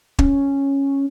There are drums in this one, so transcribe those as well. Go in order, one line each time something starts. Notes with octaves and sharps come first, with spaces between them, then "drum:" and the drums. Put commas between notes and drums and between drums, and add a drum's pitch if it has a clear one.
C#4, drum: kick